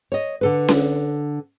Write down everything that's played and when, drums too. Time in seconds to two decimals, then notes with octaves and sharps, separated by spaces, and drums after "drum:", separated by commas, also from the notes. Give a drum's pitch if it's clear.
0.12 C#5 D#5
0.41 D3 A4 B4
0.68 drum: snare C#4